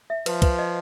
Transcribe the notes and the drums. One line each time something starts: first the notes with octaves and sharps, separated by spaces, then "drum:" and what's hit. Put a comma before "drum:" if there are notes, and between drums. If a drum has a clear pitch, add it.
E5
F3 B4, drum: cymbal
B4, drum: kick, cymbal
D#5